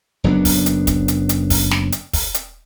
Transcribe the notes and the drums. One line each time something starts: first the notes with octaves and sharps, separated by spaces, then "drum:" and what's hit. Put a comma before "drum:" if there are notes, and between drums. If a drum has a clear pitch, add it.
F#1 F#3 B3 D4
drum: kick, open hi-hat
drum: hi-hat
drum: kick, hi-hat
drum: hi-hat
drum: hi-hat
drum: kick, open hi-hat
drum: snare
drum: hi-hat
drum: kick, open hi-hat
drum: hi-hat